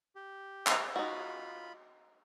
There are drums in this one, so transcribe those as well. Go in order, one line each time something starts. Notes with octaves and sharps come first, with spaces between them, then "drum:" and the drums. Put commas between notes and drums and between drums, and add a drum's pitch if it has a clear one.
G4
drum: clap
D#4 F4 F#4 B5